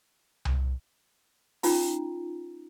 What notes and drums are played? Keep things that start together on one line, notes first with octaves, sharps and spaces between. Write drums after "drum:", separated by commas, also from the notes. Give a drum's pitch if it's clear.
drum: tom C2
C#4 D#4 F4 A#5, drum: open hi-hat